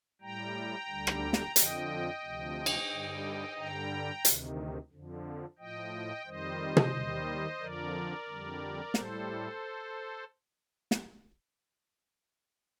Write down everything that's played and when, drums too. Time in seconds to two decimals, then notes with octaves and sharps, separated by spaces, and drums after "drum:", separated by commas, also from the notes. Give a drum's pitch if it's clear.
0.21 A2 G3 G5 A#5
0.88 D2 D3 G3
1.07 drum: rim click
1.33 drum: snare
1.56 F2 D3 F3 D#5 G5, drum: hi-hat
2.23 D2 C3 F3
2.66 drum: cymbal
2.90 G2 D3 G3
3.57 G2 D3 G3 G5 A#5
4.25 D2 C3 D#3, drum: hi-hat
4.91 F2 D3 F3
5.58 A2 F3 D#5 G5
6.26 F2 D#3 G3 C5 D#5
6.77 drum: tom
6.92 D#2 D#3 G3
7.60 F2 D3 F3 A#4 D5
8.27 F2 D3 G3
8.94 A2 G3 A4 C5, drum: snare
10.91 drum: snare